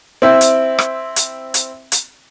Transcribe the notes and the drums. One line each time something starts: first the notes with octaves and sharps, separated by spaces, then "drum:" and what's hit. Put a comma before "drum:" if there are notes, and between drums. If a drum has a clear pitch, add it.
C4 E4 E5 G5
drum: hi-hat
drum: rim click
drum: hi-hat
drum: hi-hat
drum: hi-hat